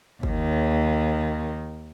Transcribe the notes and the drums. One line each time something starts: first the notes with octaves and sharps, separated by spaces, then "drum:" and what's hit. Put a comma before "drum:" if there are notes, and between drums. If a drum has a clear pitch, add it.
D#2 D#3, drum: kick